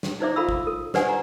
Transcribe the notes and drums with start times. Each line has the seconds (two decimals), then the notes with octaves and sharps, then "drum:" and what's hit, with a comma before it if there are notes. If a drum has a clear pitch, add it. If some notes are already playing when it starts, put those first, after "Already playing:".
0.03 drum: snare
0.20 D#4 E4 C5 D5 E5 D6
0.36 F4 A4 F5 B5 C6 E6
0.49 drum: kick
0.67 A4
0.94 G4 B4 C5 D5 F#5 G#5, drum: snare
1.08 D5 A#5